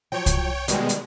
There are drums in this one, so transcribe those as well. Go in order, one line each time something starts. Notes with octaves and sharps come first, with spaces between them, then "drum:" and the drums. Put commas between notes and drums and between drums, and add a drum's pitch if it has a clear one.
F3 F#3 C#5 G5
drum: kick C2, hi-hat
B2 D#3 G3 G#3, drum: hi-hat
drum: hi-hat